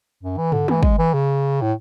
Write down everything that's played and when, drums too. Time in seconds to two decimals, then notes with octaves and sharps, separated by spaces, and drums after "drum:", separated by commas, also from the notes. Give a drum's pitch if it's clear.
0.23 F#2
0.37 E3
0.52 D3, drum: tom
0.68 E3, drum: tom G#3
0.83 G#3, drum: kick
0.98 E3
1.13 C#3
1.61 A2